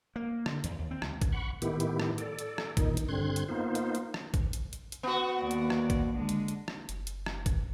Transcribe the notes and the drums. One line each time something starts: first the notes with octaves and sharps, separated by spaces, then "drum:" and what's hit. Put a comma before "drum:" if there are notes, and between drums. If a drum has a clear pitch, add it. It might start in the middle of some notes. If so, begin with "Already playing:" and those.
A#3
D3, drum: rim click
E2, drum: hi-hat
D#2
C4
C#2, drum: rim click
drum: kick A#1, hi-hat
F#5 B5 C#6
A2 D#3 B3 E4 G4, drum: hi-hat
drum: hi-hat
drum: rim click
A4 D5, drum: hi-hat
drum: hi-hat
drum: rim click
A#2 D#3 D#4, drum: kick A#1, hi-hat
drum: hi-hat
G2 D3 C4 C6 F#6 G#6
drum: hi-hat
A#3 B3 D#4 F4 C5
drum: hi-hat
drum: hi-hat
drum: rim click
drum: kick A#1, hi-hat
drum: hi-hat
drum: hi-hat
drum: hi-hat
B3 F#4
D#2 D5
drum: hi-hat
drum: rim click
drum: kick A#1, hi-hat
D3 G#3
drum: hi-hat
drum: hi-hat
drum: rim click
F#1, drum: hi-hat
drum: hi-hat
drum: rim click
drum: kick A#1, hi-hat